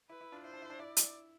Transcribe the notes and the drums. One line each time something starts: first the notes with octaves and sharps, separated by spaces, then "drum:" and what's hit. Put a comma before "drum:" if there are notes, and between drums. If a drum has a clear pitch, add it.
E4 B4
E4
D4 F4
E4 C5
D4
E4
D4
E4 D5
drum: hi-hat